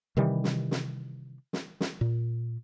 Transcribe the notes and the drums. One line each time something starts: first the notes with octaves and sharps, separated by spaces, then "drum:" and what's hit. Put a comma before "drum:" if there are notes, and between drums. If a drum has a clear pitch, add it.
C3 D#3 E3 G3
drum: snare
drum: snare
drum: snare
drum: snare
A#2